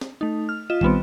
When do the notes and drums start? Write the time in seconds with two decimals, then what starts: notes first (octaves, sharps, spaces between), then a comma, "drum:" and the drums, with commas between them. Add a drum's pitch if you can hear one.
0.01 drum: snare C4
0.21 A3 D#4
0.49 F6
0.70 F4 D#5 E7
0.81 D#3 G3 B3 C4, drum: kick